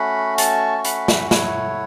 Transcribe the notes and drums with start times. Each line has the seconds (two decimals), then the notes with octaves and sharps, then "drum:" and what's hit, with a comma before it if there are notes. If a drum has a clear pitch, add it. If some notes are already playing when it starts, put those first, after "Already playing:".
Already playing: A3 C#4 F#4 F#5 B5
0.38 A5 C#6, drum: hi-hat
0.78 C#6
0.85 F#5 B5, drum: hi-hat
1.08 drum: snare
1.31 A3 E4 C#5 F#5, drum: snare